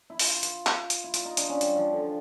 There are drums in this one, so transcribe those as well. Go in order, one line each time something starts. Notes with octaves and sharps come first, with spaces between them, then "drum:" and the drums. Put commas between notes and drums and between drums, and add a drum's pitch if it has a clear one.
E4
F4, drum: open hi-hat
drum: hi-hat
drum: clap
drum: hi-hat
E4
F4, drum: hi-hat
D#4
D4, drum: hi-hat
C#4
G3, drum: hi-hat
F3
D3